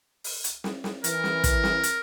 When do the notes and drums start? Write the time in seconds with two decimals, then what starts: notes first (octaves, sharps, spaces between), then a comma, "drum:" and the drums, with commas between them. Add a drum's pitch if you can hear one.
0.24 drum: open hi-hat
0.44 drum: hi-hat
0.64 drum: snare
0.84 drum: snare
1.04 E3 A#4, drum: hi-hat
1.24 drum: snare
1.44 drum: kick, hi-hat
1.64 drum: snare
1.83 drum: hi-hat